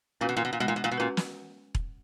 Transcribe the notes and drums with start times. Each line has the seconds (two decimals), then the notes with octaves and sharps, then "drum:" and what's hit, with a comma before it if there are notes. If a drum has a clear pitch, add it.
0.21 A#2 C#4 F#4 B4
0.29 B2
0.37 A#2
0.45 B2
0.53 A#2
0.60 B2 G#3
0.68 A#2
0.76 B2
0.84 A#2
0.91 B2
0.98 A#2 C#4 F#4 B4
1.17 drum: snare
1.75 drum: kick E1